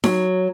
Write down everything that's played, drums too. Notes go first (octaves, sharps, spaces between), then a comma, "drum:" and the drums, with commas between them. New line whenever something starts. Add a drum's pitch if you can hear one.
F#3, drum: snare D#4